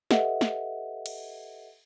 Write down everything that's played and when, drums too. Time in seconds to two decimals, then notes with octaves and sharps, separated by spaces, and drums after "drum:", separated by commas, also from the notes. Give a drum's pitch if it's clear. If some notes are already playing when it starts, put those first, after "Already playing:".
0.11 G4 A4 B4 D#5 E5 F#5, drum: snare
0.41 drum: snare
1.06 drum: cymbal